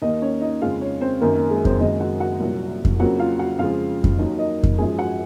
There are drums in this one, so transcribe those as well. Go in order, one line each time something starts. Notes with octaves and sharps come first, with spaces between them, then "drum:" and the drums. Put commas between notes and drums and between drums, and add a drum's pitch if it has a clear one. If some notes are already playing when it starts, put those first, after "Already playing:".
D#2 D#3 A#3 D#4 D#5
C#4 C#5
D#4 D#5
F2 C#3 G#3 F4 F5
C#4 C#5
C4 C5
F#2 D#3 A#3 A#4
A#3 A#4
G#3 G#4
C4 C5, drum: kick F2
F#1 F#2 D#3 G#3 D#4 D#5
F#4 F#5
F#4 F#5
C2 A#2 F#3 A#3
drum: kick F2
F2 C#3 F#3 A#3 F#4 F#5
F4 F5
F#4 F#5
F2 C#3 F3 G#3 F4 F5
drum: kick F2
D#2 D#3 F#3 A#3 D#4 D#5
D#4 D#5
drum: kick F2
G#1 F#2 F3 G#4 G#5
F#4 F#5